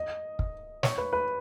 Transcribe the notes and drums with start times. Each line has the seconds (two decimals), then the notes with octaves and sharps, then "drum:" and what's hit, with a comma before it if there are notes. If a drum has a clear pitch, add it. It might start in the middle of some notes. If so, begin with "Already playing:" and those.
Already playing: D#5
0.39 drum: kick
0.83 C#5, drum: snare
0.98 B4
1.13 B4